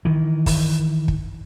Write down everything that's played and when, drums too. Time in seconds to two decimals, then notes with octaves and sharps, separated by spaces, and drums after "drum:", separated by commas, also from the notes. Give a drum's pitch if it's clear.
0.05 D#3 E3
0.46 drum: kick, open hi-hat
1.08 drum: kick